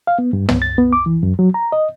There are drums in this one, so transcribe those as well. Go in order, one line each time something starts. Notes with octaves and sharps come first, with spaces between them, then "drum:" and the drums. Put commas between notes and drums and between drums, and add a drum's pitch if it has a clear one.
F5
B3
G2
B3, drum: tom
A6
B3
D6
E3
F#2
F#3
A#5
D#5